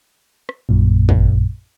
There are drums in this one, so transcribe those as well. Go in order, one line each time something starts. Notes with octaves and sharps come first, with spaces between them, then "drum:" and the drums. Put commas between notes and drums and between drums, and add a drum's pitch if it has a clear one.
drum: rim click
A#1 F#2 A#2
drum: kick